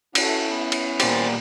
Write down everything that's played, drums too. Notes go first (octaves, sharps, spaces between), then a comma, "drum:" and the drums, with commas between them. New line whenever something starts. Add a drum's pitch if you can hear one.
C#4 E4 F#4 A4, drum: cymbal
B3
drum: cymbal
A#2 G4 C5 C6 A6, drum: cymbal